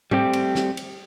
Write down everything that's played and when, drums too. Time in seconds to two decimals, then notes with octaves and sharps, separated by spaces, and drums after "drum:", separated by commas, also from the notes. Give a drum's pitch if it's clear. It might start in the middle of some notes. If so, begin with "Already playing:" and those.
0.11 G3 A3 C4 G4, drum: tom G#2
0.33 drum: cymbal
0.55 drum: snare
0.77 drum: cymbal